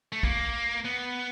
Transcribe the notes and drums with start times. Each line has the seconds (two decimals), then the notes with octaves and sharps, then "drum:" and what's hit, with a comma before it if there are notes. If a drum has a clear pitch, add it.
0.12 A3
0.23 A#3, drum: kick
0.85 B3